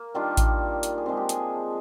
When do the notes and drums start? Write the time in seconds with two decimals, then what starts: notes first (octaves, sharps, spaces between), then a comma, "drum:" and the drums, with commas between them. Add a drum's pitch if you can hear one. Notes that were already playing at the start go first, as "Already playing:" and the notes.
Already playing: A#3
0.15 D#3 G3 D4 F4
0.37 drum: kick A1, hi-hat
0.83 drum: hi-hat
0.98 G#4
1.06 F3 G#3 C4 G4
1.17 G4
1.29 G#4, drum: hi-hat